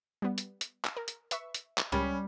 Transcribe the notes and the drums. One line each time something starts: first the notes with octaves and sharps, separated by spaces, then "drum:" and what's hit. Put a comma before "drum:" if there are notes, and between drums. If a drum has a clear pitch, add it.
G3 B3
drum: hi-hat
drum: hi-hat
drum: clap
A#4
drum: hi-hat
B4 E5 C#6, drum: hi-hat
drum: hi-hat
drum: clap
C#2 G3 C#4 A#4